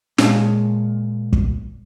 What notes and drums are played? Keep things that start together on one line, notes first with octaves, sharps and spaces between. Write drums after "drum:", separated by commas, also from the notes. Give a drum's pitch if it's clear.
A#2 G#3 C#5 G#5 A5, drum: snare
drum: kick